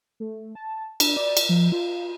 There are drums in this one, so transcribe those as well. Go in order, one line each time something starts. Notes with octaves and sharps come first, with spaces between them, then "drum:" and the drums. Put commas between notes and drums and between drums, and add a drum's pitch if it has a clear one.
A3
A5
D4, drum: cymbal
D5
drum: cymbal
F3
F4